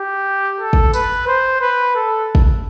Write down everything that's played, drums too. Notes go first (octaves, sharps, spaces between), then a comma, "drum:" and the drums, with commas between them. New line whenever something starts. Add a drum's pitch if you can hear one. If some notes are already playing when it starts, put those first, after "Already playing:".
Already playing: G4
A4
drum: kick
B4, drum: tambourine
C5
B4
A4
drum: kick